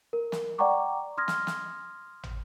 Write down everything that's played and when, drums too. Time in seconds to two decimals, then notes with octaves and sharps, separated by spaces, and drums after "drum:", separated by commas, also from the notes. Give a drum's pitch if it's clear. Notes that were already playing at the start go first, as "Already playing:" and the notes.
0.13 A#4
0.32 drum: snare
0.58 D5 F#5 G5 A#5 C#6 D6
1.17 C6 D#6 F6 G#6 A#6
1.28 drum: snare
1.47 drum: snare
2.23 drum: tom